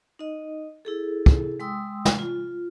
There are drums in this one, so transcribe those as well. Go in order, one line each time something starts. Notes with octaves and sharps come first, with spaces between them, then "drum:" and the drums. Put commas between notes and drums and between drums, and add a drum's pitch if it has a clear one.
D#4 D#5
E4 G#4 A4
drum: kick
G#3 G5 C6 D#6 E6
drum: snare
F4